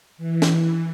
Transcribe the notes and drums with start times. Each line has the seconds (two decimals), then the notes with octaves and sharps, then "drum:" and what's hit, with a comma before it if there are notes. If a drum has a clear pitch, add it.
0.18 E3
0.42 drum: snare